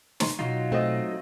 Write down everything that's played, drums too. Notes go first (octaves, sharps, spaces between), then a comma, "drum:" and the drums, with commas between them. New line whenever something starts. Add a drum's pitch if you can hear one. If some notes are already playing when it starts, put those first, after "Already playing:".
A#5 C6 C#6, drum: snare
B2 F#3 D#4 F4
A3 C4 D#5